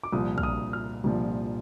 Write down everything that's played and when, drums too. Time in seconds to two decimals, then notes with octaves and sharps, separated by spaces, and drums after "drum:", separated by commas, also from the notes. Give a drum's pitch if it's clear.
0.03 D6
0.13 C2 A#2 F3 D#6
0.38 F6, drum: kick
0.43 D#6
0.73 F6
1.04 C2 A#2 F3